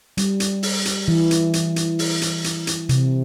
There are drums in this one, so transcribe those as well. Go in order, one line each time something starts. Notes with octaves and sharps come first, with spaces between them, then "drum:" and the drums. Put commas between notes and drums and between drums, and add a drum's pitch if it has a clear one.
G3, drum: hi-hat
drum: hi-hat
drum: open hi-hat
drum: hi-hat
E3
drum: hi-hat
drum: hi-hat
drum: hi-hat
drum: open hi-hat
drum: hi-hat
drum: hi-hat
drum: hi-hat
C3, drum: hi-hat